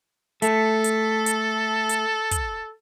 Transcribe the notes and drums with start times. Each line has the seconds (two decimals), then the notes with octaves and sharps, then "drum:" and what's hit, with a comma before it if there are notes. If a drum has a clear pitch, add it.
0.42 A3 A4, drum: hi-hat
0.84 drum: hi-hat
1.26 drum: hi-hat
1.89 drum: hi-hat
2.31 drum: kick, hi-hat